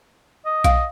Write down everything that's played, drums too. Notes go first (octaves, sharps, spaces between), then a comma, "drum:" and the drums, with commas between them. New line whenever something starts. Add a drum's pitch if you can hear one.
D#5
F5, drum: kick B1, hi-hat